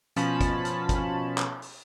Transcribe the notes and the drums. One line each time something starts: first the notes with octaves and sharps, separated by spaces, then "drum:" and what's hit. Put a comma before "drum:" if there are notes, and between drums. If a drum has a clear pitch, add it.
B2 F3 C#4 A5 B5, drum: hi-hat
drum: kick, hi-hat
drum: hi-hat
drum: kick, hi-hat
drum: clap
drum: open hi-hat